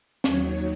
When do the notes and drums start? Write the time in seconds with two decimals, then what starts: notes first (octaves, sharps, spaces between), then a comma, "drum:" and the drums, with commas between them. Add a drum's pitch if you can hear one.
0.24 D#2 D#3 F#3 C#5, drum: snare